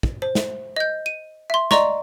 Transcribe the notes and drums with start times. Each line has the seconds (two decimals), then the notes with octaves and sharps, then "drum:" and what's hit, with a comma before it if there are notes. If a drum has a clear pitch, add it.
0.03 drum: kick
0.22 C5
0.35 drum: snare
0.76 D#5 G6
1.06 D#7
1.50 E5 C6
1.71 D5 D#5 A#5 C6 C#6, drum: snare